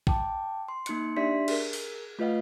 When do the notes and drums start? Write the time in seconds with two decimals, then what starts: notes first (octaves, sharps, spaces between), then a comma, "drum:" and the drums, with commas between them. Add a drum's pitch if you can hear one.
0.07 G5 A5 D6, drum: kick A#1
0.68 C6
0.86 A#3 D#4 C6 F#6 C#7, drum: hi-hat
1.16 D4 G4 D5 E5 C6 B6
1.48 G#4 A#4, drum: cymbal
1.73 drum: open hi-hat
2.19 A3 F4 B4 D#5 F5 F#5